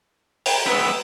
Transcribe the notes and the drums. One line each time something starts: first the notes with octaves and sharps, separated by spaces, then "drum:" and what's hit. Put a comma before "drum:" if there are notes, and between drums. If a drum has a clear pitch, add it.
drum: open hi-hat
G#3 B3 B4 E6